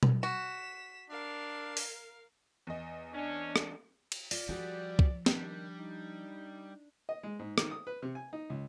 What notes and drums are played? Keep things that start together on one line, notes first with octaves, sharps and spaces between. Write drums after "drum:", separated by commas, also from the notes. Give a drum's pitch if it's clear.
drum: tom B2
F#4 B6 E7
D4 A#4 F5
drum: open hi-hat
E2 D#5
C#4 D4
drum: rim click
drum: cymbal
F4 D5, drum: open hi-hat
F3 G3 F#4 G#4
drum: kick
D#3 G3 D4, drum: snare
D#4
D#5
G#3
G#2
D#3, drum: rim click
D#6
B4
C3
G#5
D#4
C#2